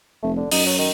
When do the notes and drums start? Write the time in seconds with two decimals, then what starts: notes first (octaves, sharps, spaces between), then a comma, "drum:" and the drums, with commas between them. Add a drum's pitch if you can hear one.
0.23 F1 A3
0.37 D3
0.52 F#2 D#4, drum: open hi-hat
0.66 F#3
0.79 D#3